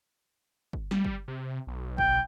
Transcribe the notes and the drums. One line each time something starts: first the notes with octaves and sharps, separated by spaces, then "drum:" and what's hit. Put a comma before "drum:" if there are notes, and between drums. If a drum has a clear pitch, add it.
drum: kick G1
G3, drum: snare
drum: kick G1
C3
B1
G5, drum: kick G1